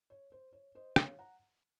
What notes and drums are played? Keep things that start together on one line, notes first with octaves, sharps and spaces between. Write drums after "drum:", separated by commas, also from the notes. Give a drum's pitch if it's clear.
C#5
C5
C#5
C5 D#5
C#5 F5, drum: rim click
F#5 A#5